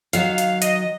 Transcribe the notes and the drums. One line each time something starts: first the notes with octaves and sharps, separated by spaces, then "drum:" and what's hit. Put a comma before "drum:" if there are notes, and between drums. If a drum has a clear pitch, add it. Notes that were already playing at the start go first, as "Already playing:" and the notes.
D#3 F#3 F5, drum: hi-hat
drum: hi-hat
D#5, drum: hi-hat